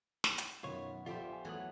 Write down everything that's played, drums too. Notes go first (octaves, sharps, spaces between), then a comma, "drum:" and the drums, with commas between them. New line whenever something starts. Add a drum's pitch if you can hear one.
drum: snare
F#7, drum: hi-hat
F#2 B2 D#3 B3 F4 C#5
A#1 F4 G4 A4 C5 E5
G#5
E2 E3 F#3 A3 F#5 D#6 G#6 A6